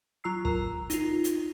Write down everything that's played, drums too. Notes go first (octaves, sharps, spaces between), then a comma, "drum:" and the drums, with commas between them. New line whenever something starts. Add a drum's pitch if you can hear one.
F#3 F4 A#5 E6 C7
A#4 A#5, drum: kick
D#4 F4, drum: hi-hat
drum: hi-hat